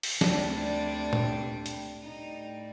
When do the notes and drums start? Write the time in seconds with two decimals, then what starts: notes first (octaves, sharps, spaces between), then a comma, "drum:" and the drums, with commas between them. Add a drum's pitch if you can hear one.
0.03 drum: open hi-hat
0.21 D2 C3 G3 D4, drum: snare
1.13 drum: tom
1.66 drum: hi-hat
2.03 A2 G3 D#4